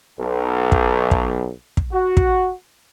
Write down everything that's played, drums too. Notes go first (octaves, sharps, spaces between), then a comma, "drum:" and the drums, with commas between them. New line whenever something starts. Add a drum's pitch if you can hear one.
B1
drum: kick
drum: kick
drum: kick
F#4
drum: kick